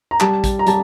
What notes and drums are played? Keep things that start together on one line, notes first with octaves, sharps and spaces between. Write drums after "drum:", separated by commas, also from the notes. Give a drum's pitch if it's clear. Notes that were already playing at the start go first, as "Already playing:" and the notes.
A#5
G3 A5, drum: clap
drum: kick A1, hi-hat
A#5
G3 A5, drum: hi-hat